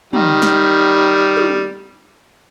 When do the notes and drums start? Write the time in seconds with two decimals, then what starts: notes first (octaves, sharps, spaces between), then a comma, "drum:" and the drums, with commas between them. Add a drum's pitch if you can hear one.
0.13 D#3 G3, drum: tom
0.42 drum: snare
1.37 drum: tom